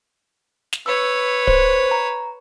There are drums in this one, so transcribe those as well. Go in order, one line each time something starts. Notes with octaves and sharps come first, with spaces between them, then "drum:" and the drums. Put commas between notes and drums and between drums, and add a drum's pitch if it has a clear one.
drum: snare
B4 C#5 E6
C5, drum: kick D1
A#5